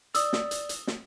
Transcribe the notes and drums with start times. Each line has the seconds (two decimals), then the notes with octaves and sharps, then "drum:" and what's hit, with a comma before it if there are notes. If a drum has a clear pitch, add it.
0.15 D5 D#6 E6, drum: hi-hat
0.33 drum: snare
0.51 drum: hi-hat
0.69 drum: hi-hat
0.87 drum: snare